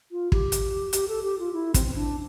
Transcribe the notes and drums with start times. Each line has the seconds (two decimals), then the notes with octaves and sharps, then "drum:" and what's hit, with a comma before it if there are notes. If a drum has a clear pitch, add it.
0.12 F4
0.32 G4, drum: kick
0.52 drum: hi-hat
0.93 G4, drum: hi-hat
1.08 A4
1.23 G4
1.39 F4
1.53 E4
1.74 C4, drum: kick, hi-hat
1.87 C4
1.95 D4